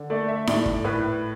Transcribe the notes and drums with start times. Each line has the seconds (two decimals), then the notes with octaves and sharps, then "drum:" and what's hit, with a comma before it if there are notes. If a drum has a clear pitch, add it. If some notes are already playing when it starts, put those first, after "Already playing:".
Already playing: D3
0.10 A3 D5
0.28 E5
0.47 A2 D5, drum: snare D#4
0.66 drum: kick
0.84 A2 B4